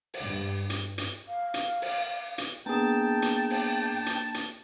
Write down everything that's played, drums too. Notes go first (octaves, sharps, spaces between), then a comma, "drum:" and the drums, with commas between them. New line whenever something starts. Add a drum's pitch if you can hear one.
drum: open hi-hat
G2
drum: hi-hat
drum: hi-hat
F5
drum: hi-hat
drum: open hi-hat
drum: hi-hat
A#3 B3 D4 G#4 G5 A5 A#5
drum: hi-hat
drum: open hi-hat
drum: hi-hat
drum: hi-hat